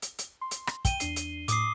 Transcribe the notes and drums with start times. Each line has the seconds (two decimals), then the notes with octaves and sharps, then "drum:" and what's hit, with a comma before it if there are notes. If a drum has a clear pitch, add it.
0.02 drum: hi-hat
0.18 drum: hi-hat
0.41 C6
0.51 drum: hi-hat
0.67 drum: rim click
0.85 G5 D#7 G7, drum: kick, hi-hat
1.00 E2 D4 C7, drum: hi-hat
1.16 drum: hi-hat
1.48 A2 D6 D#6 C7, drum: hi-hat